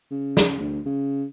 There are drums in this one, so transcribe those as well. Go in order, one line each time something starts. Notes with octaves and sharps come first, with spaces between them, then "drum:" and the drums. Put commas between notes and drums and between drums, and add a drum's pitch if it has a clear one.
C#3
drum: snare
D2
C#3